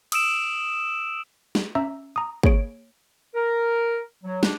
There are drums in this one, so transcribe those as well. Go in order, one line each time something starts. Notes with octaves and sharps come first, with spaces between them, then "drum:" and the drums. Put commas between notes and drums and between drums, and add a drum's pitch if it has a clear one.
D#6 E6 D7 E7, drum: cymbal
drum: snare
C#4 E5 A#5 E6
A#5 D#6
A#3 G#4 C#5 D7, drum: kick
A#4
F#3
D4, drum: snare